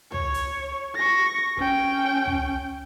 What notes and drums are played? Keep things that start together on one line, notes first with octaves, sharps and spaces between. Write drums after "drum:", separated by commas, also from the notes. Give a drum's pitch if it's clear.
C#5, drum: tom
drum: hi-hat
C#6 A#6
C#4 G5, drum: kick
drum: tom